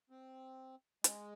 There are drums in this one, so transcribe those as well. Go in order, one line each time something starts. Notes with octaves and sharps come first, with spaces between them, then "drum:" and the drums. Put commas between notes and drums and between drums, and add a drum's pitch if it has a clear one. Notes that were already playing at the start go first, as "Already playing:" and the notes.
C4
G#3, drum: hi-hat